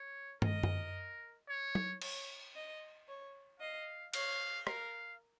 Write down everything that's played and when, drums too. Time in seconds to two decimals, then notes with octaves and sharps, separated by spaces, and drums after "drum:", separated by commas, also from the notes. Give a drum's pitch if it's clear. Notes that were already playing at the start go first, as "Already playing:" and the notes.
Already playing: C#5
0.42 A#4 D#5, drum: tom
0.63 drum: tom F#2
1.48 C#5
1.75 drum: tom
2.02 C#5, drum: cymbal
2.55 D#5
3.08 C#5
3.60 D#5 F5
4.14 C#5 F5, drum: cymbal
4.67 A#4 F5, drum: rim click